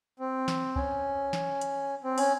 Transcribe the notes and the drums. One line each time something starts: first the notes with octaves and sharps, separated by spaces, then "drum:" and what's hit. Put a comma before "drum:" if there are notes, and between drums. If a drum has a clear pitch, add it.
C4
drum: snare
C#4, drum: kick
drum: snare
drum: hi-hat
C4
C#4, drum: open hi-hat